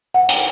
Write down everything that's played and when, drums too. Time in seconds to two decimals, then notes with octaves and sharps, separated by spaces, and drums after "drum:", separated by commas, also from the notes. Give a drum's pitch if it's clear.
0.14 F#5
0.29 G5, drum: hi-hat